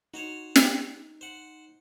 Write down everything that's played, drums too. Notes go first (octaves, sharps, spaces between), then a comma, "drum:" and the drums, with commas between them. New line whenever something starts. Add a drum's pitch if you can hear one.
D#4 F#4 C5 C#5
drum: snare
C5 F#5